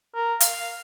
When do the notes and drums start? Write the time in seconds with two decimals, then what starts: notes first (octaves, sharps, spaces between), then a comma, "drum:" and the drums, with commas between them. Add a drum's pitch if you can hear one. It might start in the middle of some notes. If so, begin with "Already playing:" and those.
0.15 A#4
0.40 F5, drum: hi-hat